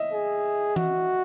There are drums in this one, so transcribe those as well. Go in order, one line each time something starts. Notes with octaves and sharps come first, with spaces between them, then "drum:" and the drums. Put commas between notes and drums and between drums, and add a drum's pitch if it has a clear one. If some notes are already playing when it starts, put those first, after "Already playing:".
Already playing: D#5 E5
G#4
F#4, drum: tom E3